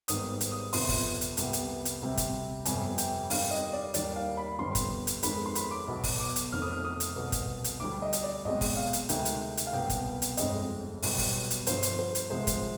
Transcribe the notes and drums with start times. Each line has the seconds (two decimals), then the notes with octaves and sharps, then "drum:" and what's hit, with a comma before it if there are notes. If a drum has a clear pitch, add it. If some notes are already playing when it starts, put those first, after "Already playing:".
0.08 G#1 G#2 D#3 G3 B3 D#6, drum: hi-hat
0.41 drum: hi-hat
0.52 D#6
0.73 F2 C3 F3 B3 C6, drum: open hi-hat
0.89 drum: kick, open hi-hat
1.21 drum: hi-hat
1.37 C2 C3 G3 B3, drum: hi-hat
1.53 drum: hi-hat
1.85 drum: hi-hat
2.02 D2 C3 G3 C4
2.17 drum: kick, hi-hat
2.65 G1 F2 C3 G3 B3 G#5, drum: hi-hat
2.98 G5, drum: hi-hat
3.30 G2 D#3 G3 C4 F5, drum: open hi-hat
3.51 D#5
3.73 D5
3.94 D#2 D#3 G3 D5, drum: hi-hat
4.16 F5
4.37 B5
4.58 G1 F2 D3 G3 B3 C6
4.75 drum: kick, hi-hat
5.07 drum: hi-hat
5.23 F2 D#3 G#3 B3 B5, drum: hi-hat
5.46 C6
5.55 B5, drum: hi-hat
5.71 D6
5.87 B1 B2 B3
6.04 drum: kick, open hi-hat
6.20 D6
6.36 drum: hi-hat
6.52 F1 F2 D#3 F6
6.62 D#6
6.72 F6
6.85 D#6
7.00 drum: hi-hat
7.16 C2 B2 B3
7.32 drum: kick, hi-hat
7.64 drum: hi-hat
7.80 D2 D3 G3 D6
8.02 D#5
8.13 drum: hi-hat
8.23 D5
8.45 B1 B2 G#3 C4 D#5
8.61 drum: kick, open hi-hat
8.77 F5
8.93 drum: hi-hat
9.09 D2 C3 D#3 G#3 G5, drum: hi-hat
9.25 drum: hi-hat
9.57 drum: hi-hat
9.67 F5
9.73 C2 B2 B3 G5
9.90 drum: kick, hi-hat
10.22 drum: hi-hat
10.37 G1 F2 D3 G#3 C4 D#5, drum: hi-hat
11.02 B1 B2 G3 B3, drum: open hi-hat
11.18 drum: kick, open hi-hat
11.50 drum: hi-hat
11.67 G1 G2 F3 C5, drum: hi-hat
11.83 drum: hi-hat
11.99 C5
12.15 drum: hi-hat
12.30 C2 C3 F3 G#3 C5
12.47 drum: kick, hi-hat